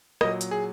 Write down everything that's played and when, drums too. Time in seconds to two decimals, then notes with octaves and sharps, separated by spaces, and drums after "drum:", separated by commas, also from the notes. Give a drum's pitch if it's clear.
0.21 A#2 F#3 D#5, drum: rim click
0.41 drum: hi-hat
0.51 G#4